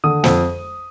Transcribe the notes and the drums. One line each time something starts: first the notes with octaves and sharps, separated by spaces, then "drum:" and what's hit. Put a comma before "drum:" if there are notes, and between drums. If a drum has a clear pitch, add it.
D3 D#6
F2, drum: snare